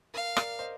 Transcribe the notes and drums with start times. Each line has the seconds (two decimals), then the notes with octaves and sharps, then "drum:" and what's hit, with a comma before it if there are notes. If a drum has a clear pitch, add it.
0.14 A#4 F5
0.37 A#4 D5, drum: rim click
0.59 C5 D#5